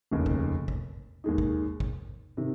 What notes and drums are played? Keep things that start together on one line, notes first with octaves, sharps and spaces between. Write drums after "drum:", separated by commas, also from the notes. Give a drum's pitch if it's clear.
F1 D#2 C#3
drum: kick
drum: kick
D#2 D#3 G#3 D#4
drum: kick
drum: kick
C3 D#3